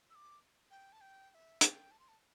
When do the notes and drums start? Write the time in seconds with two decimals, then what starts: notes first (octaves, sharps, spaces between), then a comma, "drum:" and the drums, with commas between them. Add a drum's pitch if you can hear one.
0.10 E6
0.15 D6
0.71 G5
0.93 A5
1.01 G5
1.31 G5
1.35 E5
1.61 G5, drum: hi-hat
1.91 A5
2.00 C6
2.08 A5